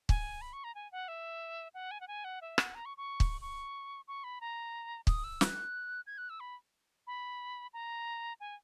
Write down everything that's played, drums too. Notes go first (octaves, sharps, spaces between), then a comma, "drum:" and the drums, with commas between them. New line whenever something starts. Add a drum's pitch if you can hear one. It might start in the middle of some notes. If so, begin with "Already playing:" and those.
G#5, drum: kick
B5
C#6
A#5
G#5
F#5
E5
F#5
G#5
F#5
G#5
F#5
E5
F#5, drum: rim click
A#5
C#6
C#6
drum: kick
C#6
C#6
B5
A#5
D#6, drum: kick
E6
F#6, drum: snare
G#6
F#6
E6
B5
B5
A#5
G#5